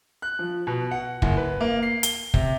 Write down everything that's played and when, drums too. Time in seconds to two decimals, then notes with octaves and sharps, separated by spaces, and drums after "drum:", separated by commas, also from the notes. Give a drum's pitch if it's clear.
0.22 F#6
0.39 F3
0.67 B2
0.91 F#5
1.22 F#1, drum: kick
1.37 B4
1.61 A#3
1.83 C7
2.03 G7, drum: hi-hat
2.34 C3, drum: kick